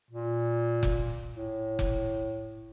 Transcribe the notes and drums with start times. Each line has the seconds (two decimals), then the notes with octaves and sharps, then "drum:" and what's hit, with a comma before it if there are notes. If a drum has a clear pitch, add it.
0.11 A#2
0.83 drum: kick F1
1.33 A2
1.79 drum: kick F1